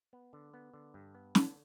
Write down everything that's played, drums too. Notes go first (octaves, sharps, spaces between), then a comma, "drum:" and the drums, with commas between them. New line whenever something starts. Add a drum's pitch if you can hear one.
B3
D3
B3
D3
G2
B3
D3, drum: snare